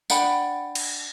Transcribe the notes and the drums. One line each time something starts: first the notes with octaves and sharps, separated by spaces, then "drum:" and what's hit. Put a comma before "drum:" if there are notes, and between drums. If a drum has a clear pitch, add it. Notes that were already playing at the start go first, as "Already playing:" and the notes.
D4 F#5 G5 B5, drum: tambourine
drum: cymbal